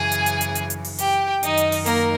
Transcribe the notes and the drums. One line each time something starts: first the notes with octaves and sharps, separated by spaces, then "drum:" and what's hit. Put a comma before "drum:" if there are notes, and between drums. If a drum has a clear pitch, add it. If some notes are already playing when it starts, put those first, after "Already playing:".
Already playing: F#2 C#3 E3 G#4 G#5
drum: hi-hat
drum: hi-hat
drum: hi-hat
drum: hi-hat
drum: hi-hat
drum: open hi-hat
G4 G5, drum: hi-hat
F#2 D#3 D#4 D#5, drum: hi-hat
drum: hi-hat
drum: open hi-hat
A#3 A#4, drum: hi-hat